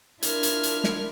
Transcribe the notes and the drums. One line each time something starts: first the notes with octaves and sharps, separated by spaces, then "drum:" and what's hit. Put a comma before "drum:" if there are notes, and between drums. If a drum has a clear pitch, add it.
D4 E4 F4 A#4 F6 G#6, drum: hi-hat
drum: hi-hat
drum: hi-hat
drum: snare